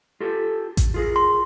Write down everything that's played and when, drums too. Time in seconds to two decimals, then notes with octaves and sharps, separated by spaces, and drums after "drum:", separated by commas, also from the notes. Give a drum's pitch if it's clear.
0.21 F4 G4 A4
0.77 drum: kick A1, hi-hat
0.94 F4 G#4 A#4
1.16 C6